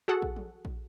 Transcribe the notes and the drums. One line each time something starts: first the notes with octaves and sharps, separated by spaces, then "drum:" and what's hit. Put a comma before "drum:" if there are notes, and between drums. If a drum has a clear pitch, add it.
F#4 G#4 A4 F#5
drum: kick A#1
drum: tom
drum: kick A#1